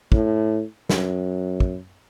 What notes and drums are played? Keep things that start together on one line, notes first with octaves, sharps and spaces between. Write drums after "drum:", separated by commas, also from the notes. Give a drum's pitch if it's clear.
A2, drum: kick
F#2, drum: snare
drum: kick